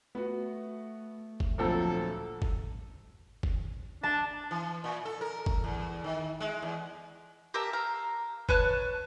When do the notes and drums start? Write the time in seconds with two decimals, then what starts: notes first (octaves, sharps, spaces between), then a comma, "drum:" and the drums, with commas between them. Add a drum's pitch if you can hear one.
0.15 A3 B3 F#4
1.40 drum: kick F#1
1.59 D2 A#2 F3 F#3 C4 A4
2.42 drum: kick F#1
3.43 drum: kick F#1
4.03 D4 A5
4.51 E3
4.84 A#2
5.05 A4
5.21 A#4
5.46 drum: kick F#1
5.64 E2
6.04 D#3
6.40 G#3
6.62 E2
7.54 G4 A#4 E5 A5
7.73 F5 A#5
8.49 B4 C#5 A5 F#6, drum: kick F#1